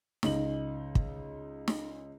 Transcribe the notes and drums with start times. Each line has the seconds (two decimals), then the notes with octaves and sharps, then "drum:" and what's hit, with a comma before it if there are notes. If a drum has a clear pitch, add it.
0.23 C#2 D#4 F#7, drum: snare
0.95 drum: kick
1.68 drum: snare